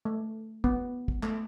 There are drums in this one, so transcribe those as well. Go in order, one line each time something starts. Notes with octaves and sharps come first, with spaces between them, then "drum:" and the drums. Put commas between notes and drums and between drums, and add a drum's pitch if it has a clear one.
A3
B3, drum: kick
drum: kick
A3, drum: clap